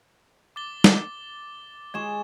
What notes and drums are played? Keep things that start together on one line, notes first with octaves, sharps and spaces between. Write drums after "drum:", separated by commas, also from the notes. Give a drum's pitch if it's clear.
D6 A6 G7
drum: snare
G#3 G#4 C#6 G#6 E7